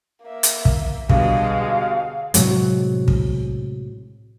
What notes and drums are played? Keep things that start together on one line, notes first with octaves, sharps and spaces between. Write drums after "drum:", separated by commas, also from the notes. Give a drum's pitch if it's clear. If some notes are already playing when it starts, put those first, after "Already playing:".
A#3 E5
drum: hi-hat
drum: kick
B2 D3 G3 G#3 F5, drum: kick
A2 C3 F#3 G#3, drum: hi-hat
drum: kick